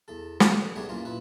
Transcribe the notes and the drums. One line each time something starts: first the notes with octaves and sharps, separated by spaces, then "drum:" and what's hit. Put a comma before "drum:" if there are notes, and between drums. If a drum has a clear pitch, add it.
E2 A4
G2 A#3, drum: snare
D3 D#4
A3 B3 D4 G4 G#4 C#5
F#2 E3 A#3 C#4 F4
A#2 E4 B4